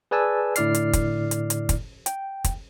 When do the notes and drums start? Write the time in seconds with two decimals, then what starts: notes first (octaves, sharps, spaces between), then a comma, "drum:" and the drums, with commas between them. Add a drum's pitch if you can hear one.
0.11 G#4 B4 D5 G#5 A5 E6
0.56 A2 D3 E4 D5 F6 C7, drum: hi-hat
0.75 drum: hi-hat
0.93 drum: kick, hi-hat
1.31 drum: hi-hat
1.50 drum: hi-hat
1.69 drum: kick, hi-hat
2.06 G5, drum: hi-hat
2.44 drum: kick, hi-hat